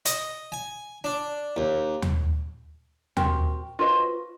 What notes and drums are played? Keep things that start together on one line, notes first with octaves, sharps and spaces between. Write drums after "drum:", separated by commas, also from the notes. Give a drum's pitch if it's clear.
D#5, drum: hi-hat
G#5
D4
D#2
drum: tom
C4 F#4 G4 A#4, drum: tom
F4 F#4 B4 C5 D#5